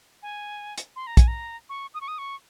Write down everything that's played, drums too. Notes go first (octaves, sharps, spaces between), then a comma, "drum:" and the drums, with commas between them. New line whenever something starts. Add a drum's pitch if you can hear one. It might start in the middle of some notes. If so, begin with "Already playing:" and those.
G#5
drum: hi-hat
C6
A#5
G#5, drum: kick, hi-hat
A#5
C#6
D#6
C#6
D#6
C#6